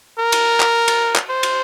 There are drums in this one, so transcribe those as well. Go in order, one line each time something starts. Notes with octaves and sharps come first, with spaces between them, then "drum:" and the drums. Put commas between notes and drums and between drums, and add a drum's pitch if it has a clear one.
A#4
drum: cymbal
drum: clap
drum: cymbal
drum: clap
C5
drum: cymbal